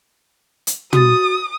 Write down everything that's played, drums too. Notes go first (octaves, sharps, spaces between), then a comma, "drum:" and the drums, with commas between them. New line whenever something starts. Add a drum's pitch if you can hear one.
drum: hi-hat
F#4 D#6 A6, drum: tom